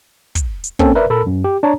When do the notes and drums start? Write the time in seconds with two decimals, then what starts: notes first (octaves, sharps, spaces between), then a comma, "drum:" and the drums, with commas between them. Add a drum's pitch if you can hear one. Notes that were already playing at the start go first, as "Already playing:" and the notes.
0.35 drum: kick, hi-hat
0.64 drum: hi-hat
0.79 A#3 C4 C#4 A4, drum: kick
0.95 A#4 B4 D5 E5
1.10 A#2 A4 A#4 A5 B5 E6
1.26 F#2
1.44 G4
1.63 D4 C#5 A5 A#5